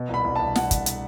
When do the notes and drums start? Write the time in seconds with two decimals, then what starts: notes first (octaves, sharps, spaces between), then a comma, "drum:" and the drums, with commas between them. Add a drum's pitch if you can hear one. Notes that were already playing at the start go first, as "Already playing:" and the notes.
Already playing: B2
0.09 C2 B5
0.24 C2
0.36 A5
0.40 C2
0.56 F#5, drum: snare
0.71 drum: kick, hi-hat
0.86 drum: hi-hat